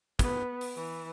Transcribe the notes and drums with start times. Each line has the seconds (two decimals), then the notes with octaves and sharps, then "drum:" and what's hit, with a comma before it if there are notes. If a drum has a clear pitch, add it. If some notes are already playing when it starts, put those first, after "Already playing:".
0.19 B3, drum: kick, hi-hat
0.61 drum: open hi-hat
0.76 E3